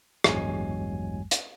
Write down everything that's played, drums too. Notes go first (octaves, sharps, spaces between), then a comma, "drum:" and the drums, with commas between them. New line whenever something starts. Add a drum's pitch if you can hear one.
A1 E2 G2 F#3 G#3 G#5, drum: rim click
drum: hi-hat